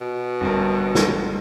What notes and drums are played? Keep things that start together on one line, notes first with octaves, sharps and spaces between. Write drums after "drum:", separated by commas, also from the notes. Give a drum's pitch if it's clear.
B2
G1 G2 A#4
drum: snare